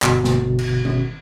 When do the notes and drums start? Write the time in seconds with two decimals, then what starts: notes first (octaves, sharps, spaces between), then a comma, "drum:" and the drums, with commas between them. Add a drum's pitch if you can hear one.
0.02 G1 B2, drum: clap
0.24 drum: snare
0.59 drum: cymbal
0.85 drum: tom